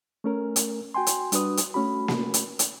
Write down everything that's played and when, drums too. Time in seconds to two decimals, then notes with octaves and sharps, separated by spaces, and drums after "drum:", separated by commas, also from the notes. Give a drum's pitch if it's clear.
0.24 A3 C#4 A#4
0.56 drum: hi-hat
0.94 F#4 G5 G#5 C6
1.07 drum: hi-hat
1.32 G3 D4 F#4 B4 D#6, drum: hi-hat
1.57 drum: hi-hat
1.74 A3 C#4 F#4 B5
2.08 drum: snare A#3
2.34 drum: hi-hat
2.59 drum: hi-hat